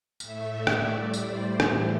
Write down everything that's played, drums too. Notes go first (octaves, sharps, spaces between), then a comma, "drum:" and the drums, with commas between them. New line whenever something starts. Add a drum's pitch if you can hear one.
A2 A3 E5, drum: tambourine
D5
drum: rim click
A2 G3 D5
drum: tambourine
C5
A2 E3 A3 G4, drum: rim click